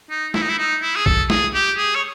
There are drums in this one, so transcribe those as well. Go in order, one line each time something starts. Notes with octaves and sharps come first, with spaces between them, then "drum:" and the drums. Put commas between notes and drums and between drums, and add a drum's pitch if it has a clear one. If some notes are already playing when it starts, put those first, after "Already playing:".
D#4
E4, drum: snare
D#4
E4
D#4
E4
G#4
A4, drum: kick B1
G#4, drum: snare
G4
G#4
C#5